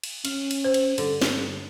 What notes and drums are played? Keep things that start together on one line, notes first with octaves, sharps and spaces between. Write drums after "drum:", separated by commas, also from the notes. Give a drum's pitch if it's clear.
drum: cymbal
C#4 F5, drum: cymbal
drum: cymbal
C5
drum: cymbal
G2 D3, drum: cymbal
drum: snare